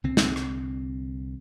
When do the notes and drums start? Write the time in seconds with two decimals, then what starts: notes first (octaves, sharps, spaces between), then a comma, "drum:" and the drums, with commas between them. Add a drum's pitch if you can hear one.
0.04 C2 D3 C4
0.17 drum: snare
0.36 drum: rim click